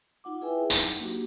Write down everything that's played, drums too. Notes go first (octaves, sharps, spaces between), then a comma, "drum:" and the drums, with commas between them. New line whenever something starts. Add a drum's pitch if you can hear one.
D#4 F4 F#5 D6
E4 G#4 B4 E5 G5 G#5
F#3 D#4, drum: tambourine
A#3 D4 F#4 G4